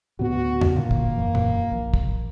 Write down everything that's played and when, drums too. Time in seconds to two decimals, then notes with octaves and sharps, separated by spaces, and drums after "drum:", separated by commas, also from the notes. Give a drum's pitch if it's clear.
0.19 D2 A2 B3 F#4
0.61 drum: tom E2
0.76 A#2 D3 A#3
0.91 drum: kick
1.16 E1 F#2 E3
1.35 drum: tom A#2
1.72 A#1
1.94 drum: kick